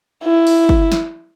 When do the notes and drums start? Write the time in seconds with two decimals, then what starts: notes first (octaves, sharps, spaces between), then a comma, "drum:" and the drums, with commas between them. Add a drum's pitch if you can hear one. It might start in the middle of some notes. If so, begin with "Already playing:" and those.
0.24 E4
0.47 drum: open hi-hat
0.69 drum: kick
0.92 drum: snare